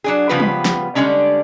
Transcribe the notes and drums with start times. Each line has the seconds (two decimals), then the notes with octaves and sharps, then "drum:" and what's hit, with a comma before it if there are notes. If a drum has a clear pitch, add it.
0.04 F#3 D4 G#4
0.29 C#3 F3 G3 B3 F4 B4
0.40 drum: tom F#3
0.65 drum: snare
0.95 D3 G3 G#3 C#4 D4